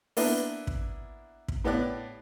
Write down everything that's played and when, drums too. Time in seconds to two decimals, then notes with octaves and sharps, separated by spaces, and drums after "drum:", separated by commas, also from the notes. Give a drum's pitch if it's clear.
0.17 A#3 B3 D4 E4 B4, drum: open hi-hat
0.67 drum: kick
1.48 drum: kick
1.64 A2 B3 G4 D5 F#6